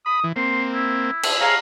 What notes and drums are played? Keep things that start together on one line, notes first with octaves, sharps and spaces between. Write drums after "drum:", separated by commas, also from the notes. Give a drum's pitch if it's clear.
B5 D#6
E3
A#3 C4 C6
E4
drum: cymbal
G#4 C#5 F5 A#5